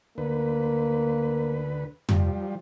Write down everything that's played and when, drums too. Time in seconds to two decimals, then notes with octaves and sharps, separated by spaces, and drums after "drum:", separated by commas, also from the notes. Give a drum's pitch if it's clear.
0.18 D2 A#3 B4
2.09 F3 G3, drum: tom